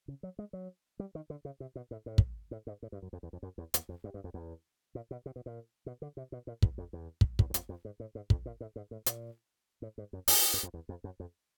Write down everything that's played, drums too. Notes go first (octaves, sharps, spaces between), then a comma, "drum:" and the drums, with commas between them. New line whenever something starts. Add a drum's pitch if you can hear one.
C#3
F#3
G#3
F#3
G3
D#3
D3
C#3
C3
B2
A2
A2
drum: kick
A2
G#2
A2
G2
F#2
F2
E2
F2
F#2
E2
E2, drum: hi-hat
F2
G2
G2
F2
E2
A#2
B2
C3
B2
A#2
B2
D3
C3
B2
A#2
E2, drum: kick
F2
E2
drum: kick
E2, drum: kick
E2
F2, drum: hi-hat
F2
G#2
A2
G#2
F2, drum: kick
A#2
A2
G#2
A2
A#2, drum: hi-hat
A2
G#2
F#2
F2, drum: open hi-hat
F#2
F2
E2
F2
F#2
F2